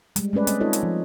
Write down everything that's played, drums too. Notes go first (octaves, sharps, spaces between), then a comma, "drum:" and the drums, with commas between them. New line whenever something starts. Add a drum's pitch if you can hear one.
G3 G#3, drum: hi-hat
G#3 A3 C#4 B4 D5
G3 C4 D#5, drum: hi-hat
C4 D#4 F4 A4 C#5 D#5
drum: hi-hat
F3